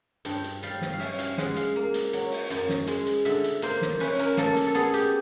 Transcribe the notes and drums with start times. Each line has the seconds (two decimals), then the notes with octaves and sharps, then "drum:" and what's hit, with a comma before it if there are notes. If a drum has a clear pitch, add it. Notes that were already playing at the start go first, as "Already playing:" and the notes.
0.25 G2 G5, drum: hi-hat
0.44 drum: hi-hat
0.63 G3 F5, drum: hi-hat
0.82 drum: snare
0.94 F5
1.00 C#4 E5, drum: open hi-hat
1.19 F5, drum: hi-hat
1.38 G#3 F#5, drum: snare
1.56 F5, drum: hi-hat
1.76 A#3
1.94 drum: hi-hat
2.13 F#3, drum: hi-hat
2.32 drum: open hi-hat
2.50 F#2, drum: hi-hat
2.69 drum: snare
2.87 G#3, drum: hi-hat
3.07 drum: hi-hat
3.25 D3 E5, drum: hi-hat
3.44 drum: hi-hat
3.62 A#3 C5, drum: hi-hat
3.82 drum: snare
4.00 C#4 B4, drum: open hi-hat
4.19 A#4, drum: hi-hat
4.37 A#3 A4, drum: snare
4.57 drum: hi-hat
4.66 A4
4.75 B3 G#4, drum: hi-hat
4.94 G4, drum: hi-hat